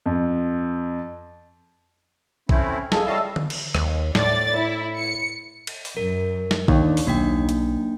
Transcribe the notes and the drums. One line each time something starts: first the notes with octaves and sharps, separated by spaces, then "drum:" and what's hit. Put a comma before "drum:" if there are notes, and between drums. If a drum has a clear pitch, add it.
F2
A3 C4 C#4 E4, drum: kick A#1
A#3 G#4 A4 D#5 F5, drum: snare
G3 E4 C#5 D#5 F5 A5 E6
drum: tom D3
drum: cymbal
D#2, drum: rim click
A2 D5 A6, drum: snare
E4
C#7
drum: cymbal
drum: open hi-hat
F#2 A#4
drum: snare
D#2 D#3 D4, drum: kick A#1
drum: open hi-hat
B1 F#3 A#3 D4 D#4 G5
drum: hi-hat